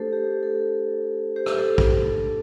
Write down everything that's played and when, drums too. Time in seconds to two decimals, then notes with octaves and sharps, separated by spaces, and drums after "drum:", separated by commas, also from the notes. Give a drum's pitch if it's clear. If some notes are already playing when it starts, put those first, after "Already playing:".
Already playing: A3 D4 G4 A4 C5
0.13 G4
0.43 A4
1.36 G4 C5
1.46 drum: rim click
1.57 A4
1.78 G4, drum: kick
1.98 A3 D4 A4